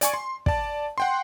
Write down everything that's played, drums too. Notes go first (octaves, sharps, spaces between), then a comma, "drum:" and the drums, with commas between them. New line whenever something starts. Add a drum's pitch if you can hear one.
D5 G#5 C#6, drum: hi-hat
C6
D5 A5, drum: kick
F#5 G5 C6